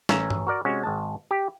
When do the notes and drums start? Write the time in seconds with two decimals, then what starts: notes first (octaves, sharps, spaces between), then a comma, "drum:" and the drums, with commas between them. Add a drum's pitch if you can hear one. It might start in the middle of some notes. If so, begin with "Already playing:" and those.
0.09 A1 C#4 E5 A#5, drum: snare
0.30 drum: tom G2
0.47 F#4 A#4 D5
0.65 C3 G#3 C#4 F#4
0.83 G#1 G#3 A5
1.31 G4